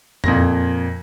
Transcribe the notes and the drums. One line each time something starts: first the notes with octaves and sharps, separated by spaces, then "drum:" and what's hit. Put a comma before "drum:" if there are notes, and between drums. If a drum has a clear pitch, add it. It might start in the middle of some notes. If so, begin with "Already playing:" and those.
F2 A#2 A#6, drum: tom E2